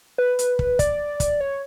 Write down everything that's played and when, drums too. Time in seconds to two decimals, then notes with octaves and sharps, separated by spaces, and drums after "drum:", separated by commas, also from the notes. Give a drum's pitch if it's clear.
0.18 B4
0.39 drum: hi-hat
0.59 drum: kick
0.79 D5, drum: kick, hi-hat
1.20 drum: kick, hi-hat
1.40 C#5